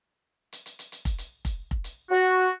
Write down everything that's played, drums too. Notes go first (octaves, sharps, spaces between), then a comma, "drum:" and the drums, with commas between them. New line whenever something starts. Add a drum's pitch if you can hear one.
drum: hi-hat
drum: hi-hat
drum: hi-hat
drum: hi-hat
drum: kick F1, hi-hat
drum: hi-hat
drum: kick F1, hi-hat
drum: kick F1
drum: hi-hat
F#4